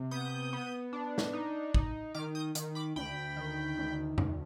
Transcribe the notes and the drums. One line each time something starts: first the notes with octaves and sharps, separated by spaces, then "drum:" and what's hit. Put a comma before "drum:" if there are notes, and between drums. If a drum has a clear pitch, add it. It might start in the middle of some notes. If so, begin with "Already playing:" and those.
Already playing: C3
B3 D#6 G6
B3
D4
drum: snare
D#4
D#4, drum: kick
D#3 D6 F6
D#6 G6
D#3, drum: hi-hat
B5 D6
D2 G5 B5
D#3
D2
D2, drum: tom E2